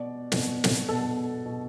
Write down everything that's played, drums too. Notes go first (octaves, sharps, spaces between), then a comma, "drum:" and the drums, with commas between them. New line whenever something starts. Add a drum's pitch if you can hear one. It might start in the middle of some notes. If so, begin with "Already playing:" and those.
Already playing: B2 D5
B2, drum: snare
drum: snare
B2 A4
B2